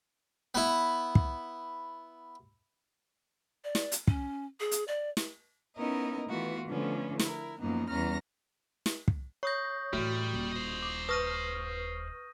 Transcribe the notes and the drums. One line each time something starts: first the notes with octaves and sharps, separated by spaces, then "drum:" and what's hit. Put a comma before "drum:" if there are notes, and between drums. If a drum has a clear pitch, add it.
B3 E4
drum: kick
D5
drum: snare
drum: hi-hat
C#4, drum: kick
G#4
drum: hi-hat
D5
drum: snare
B3 C#4 D#4 E4 A#4 D#5
E3 A3 B3 F4 F#4
D3 F3 A3 B3 C#4
E4 A#4, drum: snare
F#2 F3 A#3 B3 D#4
E2 G3 C#4 A#5 F6 A#6
drum: snare
drum: kick
C#5 C#6 D#6 G6 A#6
A2 E3 G3 F#4
D#1
C5 D#5
D6
B4 C#6 D#6 F6 A#6 D#7